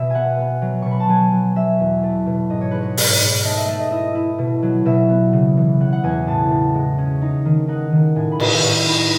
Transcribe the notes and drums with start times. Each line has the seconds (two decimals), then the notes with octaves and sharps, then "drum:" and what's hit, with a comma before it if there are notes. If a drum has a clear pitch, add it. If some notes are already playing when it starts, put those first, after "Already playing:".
Already playing: B2 E5
0.10 B3 F#5 G#5
0.39 B3
0.62 F#3
0.82 B2 C#6
0.91 B5
1.00 A5
1.09 F#3 G#5
1.32 F#3
1.56 F#3 E5
1.80 E2
2.03 A3
2.26 B2
2.50 G#2 D#5
2.61 C#5
2.71 G#3 B4
2.82 C#5
2.97 G#2, drum: open hi-hat
3.21 G#2
3.44 A3 D#5
3.57 E5
3.68 A3 E5
3.80 D#5
3.91 E4 D#5
4.15 E4
4.38 B2
4.63 F#3
4.86 B2 E5
5.09 B3
5.33 C#3
5.57 E3
5.80 C#3 F#5
5.93 F#5
6.04 E2 G#5
6.27 A2 A5
6.51 A2
6.74 G#3
6.98 C#4
7.22 D#4
7.45 D#3
7.68 D#4 F#5
7.92 D#3
8.16 A2 G#5
8.32 B5
8.40 A2, drum: cymbal
8.47 C#6
8.63 A2 C#6
8.86 D#4 B5